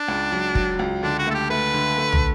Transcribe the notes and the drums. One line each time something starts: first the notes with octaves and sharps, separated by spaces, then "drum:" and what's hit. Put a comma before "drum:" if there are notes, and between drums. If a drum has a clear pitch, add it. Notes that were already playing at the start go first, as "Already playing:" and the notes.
Already playing: D4
C#2
F#3
F#3, drum: kick
C#2
D3 D4
F#4
A3 A4
G4
A3 B4
D3
A3
drum: tom